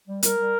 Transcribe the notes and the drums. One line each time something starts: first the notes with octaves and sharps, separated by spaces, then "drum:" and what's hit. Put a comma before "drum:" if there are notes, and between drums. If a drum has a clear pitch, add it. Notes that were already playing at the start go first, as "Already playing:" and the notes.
G3
G3 A#4, drum: hi-hat
G3